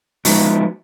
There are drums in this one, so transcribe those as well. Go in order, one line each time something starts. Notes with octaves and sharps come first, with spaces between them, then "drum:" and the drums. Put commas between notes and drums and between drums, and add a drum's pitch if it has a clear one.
F3 G#3 B3 D#4 E4 F#4, drum: open hi-hat